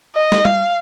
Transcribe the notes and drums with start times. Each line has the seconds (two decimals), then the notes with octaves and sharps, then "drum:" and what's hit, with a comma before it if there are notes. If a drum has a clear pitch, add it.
0.15 D#5
0.32 drum: snare
0.45 F5, drum: tom G3